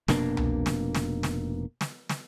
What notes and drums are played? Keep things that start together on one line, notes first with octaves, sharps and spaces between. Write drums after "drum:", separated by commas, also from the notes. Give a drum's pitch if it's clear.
F1 B2 A#3 D4, drum: snare
drum: tom C2
drum: snare
drum: snare
drum: snare
drum: snare
drum: snare